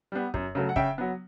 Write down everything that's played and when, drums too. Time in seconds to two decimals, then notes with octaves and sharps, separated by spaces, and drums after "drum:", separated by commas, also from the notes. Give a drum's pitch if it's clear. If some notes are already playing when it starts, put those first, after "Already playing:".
0.12 G3 B3
0.34 F#2, drum: kick
0.55 C#3 F#3 A3
0.69 F#5
0.76 C#3 E5 G5, drum: kick
0.98 F#3 B3